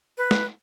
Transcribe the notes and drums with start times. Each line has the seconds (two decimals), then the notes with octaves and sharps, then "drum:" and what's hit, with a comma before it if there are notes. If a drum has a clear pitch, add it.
0.18 B4
0.31 drum: snare